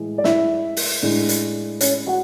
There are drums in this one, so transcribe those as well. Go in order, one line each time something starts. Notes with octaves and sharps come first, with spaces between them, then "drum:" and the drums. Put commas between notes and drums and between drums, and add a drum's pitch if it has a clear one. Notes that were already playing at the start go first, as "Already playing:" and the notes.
Already playing: A2 E3 G#3
D5
E4 E5, drum: snare
drum: open hi-hat
A2 G#3 D4
drum: hi-hat
C#4 C#5, drum: hi-hat
F#4 F#5